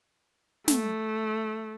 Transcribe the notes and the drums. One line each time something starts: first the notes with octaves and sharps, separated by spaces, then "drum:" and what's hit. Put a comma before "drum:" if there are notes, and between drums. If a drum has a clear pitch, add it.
A3, drum: snare